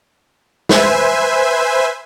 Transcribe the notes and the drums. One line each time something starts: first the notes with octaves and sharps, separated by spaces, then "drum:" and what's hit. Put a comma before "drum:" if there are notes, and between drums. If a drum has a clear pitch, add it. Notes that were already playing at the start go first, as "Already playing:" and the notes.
B4 C5 E5 G#5, drum: snare